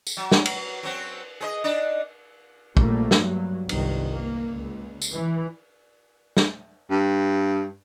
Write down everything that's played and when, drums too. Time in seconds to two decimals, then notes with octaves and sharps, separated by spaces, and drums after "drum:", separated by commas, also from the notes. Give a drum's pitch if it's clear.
0.07 drum: tambourine
0.17 F#3
0.32 drum: snare
0.45 drum: cymbal
0.83 F#3 C4 F#4
1.41 G#4 B4 D#5
1.64 D4 D#4 D5
2.77 A#1 G3 A3 A#3, drum: kick
3.11 G2 F#3, drum: snare
3.69 G1 C2 D#3, drum: cymbal
4.14 A#3
4.48 C#2
5.02 drum: tambourine
5.13 E3
6.37 drum: snare
6.90 G2